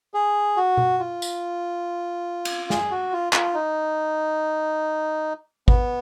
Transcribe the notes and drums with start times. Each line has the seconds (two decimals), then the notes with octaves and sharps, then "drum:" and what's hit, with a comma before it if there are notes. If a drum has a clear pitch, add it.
0.14 G#4
0.57 F#4
0.77 drum: tom B2
0.99 F4
1.22 drum: tambourine
2.45 drum: cymbal
2.70 G#4, drum: snare
2.91 F#4
3.12 F4
3.33 F4, drum: clap
3.54 D#4
5.68 B3, drum: kick G#1